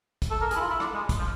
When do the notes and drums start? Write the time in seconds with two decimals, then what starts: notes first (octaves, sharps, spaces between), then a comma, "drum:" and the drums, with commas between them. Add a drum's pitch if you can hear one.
0.22 drum: kick, hi-hat
0.31 A4
0.41 A#4
0.51 G#4, drum: hi-hat
0.56 E4
0.61 F4
0.70 E4
0.80 D4, drum: rim click
0.95 G#3
1.09 drum: kick, hi-hat
1.19 F3